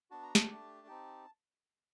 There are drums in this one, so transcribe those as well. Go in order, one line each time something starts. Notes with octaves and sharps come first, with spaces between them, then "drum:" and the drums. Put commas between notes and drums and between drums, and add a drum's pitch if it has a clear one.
B3 D4 F#4 A5
A#5
A5, drum: snare
A3 D4 G4
C4 D#4 G4